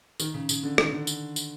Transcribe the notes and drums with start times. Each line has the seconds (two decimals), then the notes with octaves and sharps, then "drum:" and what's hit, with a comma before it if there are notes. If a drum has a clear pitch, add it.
0.20 D#3, drum: tambourine
0.34 C#3
0.49 C#3, drum: tambourine
0.63 D3
0.78 D#3, drum: rim click
0.92 D3
1.07 drum: tambourine
1.36 drum: tambourine